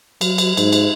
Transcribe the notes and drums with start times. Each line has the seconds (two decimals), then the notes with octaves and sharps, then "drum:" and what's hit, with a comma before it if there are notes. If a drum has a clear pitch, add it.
0.21 F#3, drum: cymbal
0.38 drum: cymbal
0.57 G#2, drum: cymbal
0.73 drum: cymbal